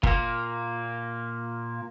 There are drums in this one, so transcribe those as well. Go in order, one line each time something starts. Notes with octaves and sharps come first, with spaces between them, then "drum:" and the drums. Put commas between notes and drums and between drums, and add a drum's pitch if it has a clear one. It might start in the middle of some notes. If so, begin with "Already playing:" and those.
A#2 A#3, drum: kick G1